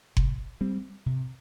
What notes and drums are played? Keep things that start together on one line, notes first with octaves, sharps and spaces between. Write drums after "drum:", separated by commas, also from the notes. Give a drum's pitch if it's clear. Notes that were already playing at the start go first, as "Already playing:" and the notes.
C3, drum: kick F#1
G3 C4
C3